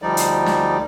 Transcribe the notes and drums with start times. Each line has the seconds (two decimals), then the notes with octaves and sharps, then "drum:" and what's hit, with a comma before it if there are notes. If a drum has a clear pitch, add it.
0.02 D2 F3 G3 D#4 D5
0.17 drum: hi-hat
0.46 drum: snare